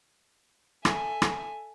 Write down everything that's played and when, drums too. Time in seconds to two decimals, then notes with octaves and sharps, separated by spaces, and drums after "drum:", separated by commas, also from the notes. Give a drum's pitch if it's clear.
0.85 A4 E5 G#5, drum: rim click
1.22 drum: rim click